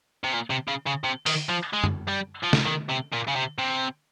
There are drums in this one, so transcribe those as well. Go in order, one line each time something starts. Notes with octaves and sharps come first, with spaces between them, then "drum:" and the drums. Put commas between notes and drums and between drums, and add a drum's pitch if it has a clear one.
C3
A#2
C3
C#3
C#3
C3
D#3, drum: open hi-hat
F3
G#3
drum: tom F#2
G3
F3
drum: snare
D#3
C3
A#2
C#3
C3
C3